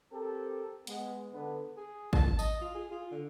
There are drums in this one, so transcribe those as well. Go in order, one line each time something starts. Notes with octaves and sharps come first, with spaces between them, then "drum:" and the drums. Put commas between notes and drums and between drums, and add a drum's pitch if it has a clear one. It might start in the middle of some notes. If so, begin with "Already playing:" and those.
C4 G4 A4 A#4
G#3 B3, drum: hi-hat
D3 B3
G#4
A5, drum: kick
D#5, drum: tambourine
F4
G#4
F4
D3